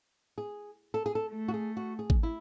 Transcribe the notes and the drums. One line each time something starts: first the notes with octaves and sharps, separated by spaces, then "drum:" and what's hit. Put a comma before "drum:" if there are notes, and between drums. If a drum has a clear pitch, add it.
G#4
A4
G#4
A4
A3
F#4
G#4
F#4
G#4
drum: kick G#1
E4